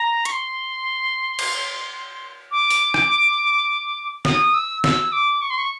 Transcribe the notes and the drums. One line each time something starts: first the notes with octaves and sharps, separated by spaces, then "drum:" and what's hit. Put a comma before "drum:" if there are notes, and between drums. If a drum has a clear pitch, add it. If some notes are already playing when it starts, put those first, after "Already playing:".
Already playing: A#5
C#6, drum: hi-hat
C6
drum: cymbal
D6
drum: open hi-hat
drum: rim click
D#6, drum: snare
E6
E6, drum: snare
D6
C#6
C6
C#6